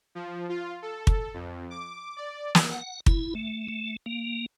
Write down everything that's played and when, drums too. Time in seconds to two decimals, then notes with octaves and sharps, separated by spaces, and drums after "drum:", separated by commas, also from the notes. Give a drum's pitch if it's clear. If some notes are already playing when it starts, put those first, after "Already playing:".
0.15 F3
0.49 F4
0.82 A4
1.07 drum: kick
1.34 F2
1.70 D6
2.16 D5
2.55 drum: snare
2.71 F#5
3.06 E4, drum: kick
3.35 A3
3.68 A3
4.06 A#3